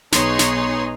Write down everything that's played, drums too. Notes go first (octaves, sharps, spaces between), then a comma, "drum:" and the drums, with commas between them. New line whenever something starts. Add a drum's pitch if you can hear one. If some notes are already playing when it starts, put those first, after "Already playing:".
B1 B3 D#4 G#4 C#5 C6, drum: snare
drum: snare